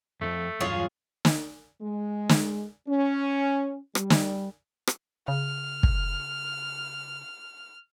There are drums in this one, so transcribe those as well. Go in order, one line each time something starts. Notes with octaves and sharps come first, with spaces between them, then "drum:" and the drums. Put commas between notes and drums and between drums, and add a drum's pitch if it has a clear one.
F2 D3 F3 A3
E2 G2 F#3 F4 G#4 C#5
drum: snare
G#3
drum: snare
C#4
G3, drum: rim click
drum: snare
drum: rim click
C#3 F6
drum: kick